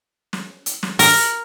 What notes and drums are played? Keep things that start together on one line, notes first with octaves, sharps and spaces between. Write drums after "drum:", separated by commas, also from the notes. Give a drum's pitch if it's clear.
drum: snare
drum: hi-hat
drum: snare
A#4, drum: open hi-hat